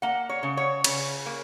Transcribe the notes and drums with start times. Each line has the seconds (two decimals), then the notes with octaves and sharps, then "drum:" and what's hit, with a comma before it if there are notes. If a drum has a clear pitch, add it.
0.02 A#3 F#5
0.29 C#5
0.43 C#3
0.57 C#5
0.84 C#3, drum: cymbal
1.26 A#3